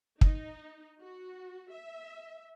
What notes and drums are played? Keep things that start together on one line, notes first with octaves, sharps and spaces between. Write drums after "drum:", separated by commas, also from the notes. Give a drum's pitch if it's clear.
D#4, drum: kick
F#4
E5